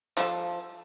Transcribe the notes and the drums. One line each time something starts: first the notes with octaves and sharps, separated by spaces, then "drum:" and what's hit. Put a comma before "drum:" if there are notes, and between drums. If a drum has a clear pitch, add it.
F3 A4, drum: clap